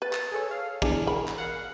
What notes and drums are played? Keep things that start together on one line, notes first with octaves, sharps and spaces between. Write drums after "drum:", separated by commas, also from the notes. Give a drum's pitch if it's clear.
B4 A6
drum: clap
G#4 A4 C#5
F5
G1 B2 E3 D4 G#4, drum: kick, cymbal
G#4 A#4 B5
drum: clap
F5 F#5